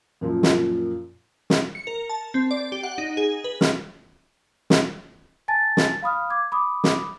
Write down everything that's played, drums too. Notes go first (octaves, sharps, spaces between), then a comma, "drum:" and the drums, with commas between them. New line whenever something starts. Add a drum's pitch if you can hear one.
F#2 A#2 F3
drum: snare
drum: snare
C#7
A#4
A5
C4
D5
G4
F#5
D#4
G#4
B4
F6, drum: snare
drum: snare
G#5 A5 A6
drum: snare
F5 B5 D#6 F6
D6 G#6
B5 D6 D#6
drum: snare